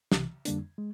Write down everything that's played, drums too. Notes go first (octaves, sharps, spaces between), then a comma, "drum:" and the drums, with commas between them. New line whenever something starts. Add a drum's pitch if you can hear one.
C2 C3 E3, drum: snare
F2 D3 G3 A#3 D4, drum: hi-hat
G#3